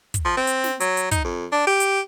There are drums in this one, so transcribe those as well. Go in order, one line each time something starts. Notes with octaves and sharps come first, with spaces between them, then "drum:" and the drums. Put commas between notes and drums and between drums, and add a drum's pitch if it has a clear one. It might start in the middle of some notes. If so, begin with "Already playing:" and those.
drum: kick, hi-hat
F3
C4
drum: hi-hat
drum: snare
F#3, drum: hi-hat
drum: hi-hat
D#4, drum: kick, hi-hat
F2
D4
G4
drum: hi-hat